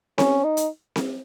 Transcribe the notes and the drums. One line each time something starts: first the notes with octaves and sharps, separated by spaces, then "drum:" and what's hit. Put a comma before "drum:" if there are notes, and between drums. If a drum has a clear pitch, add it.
C#4, drum: snare C4
D#4
drum: hi-hat
drum: snare C4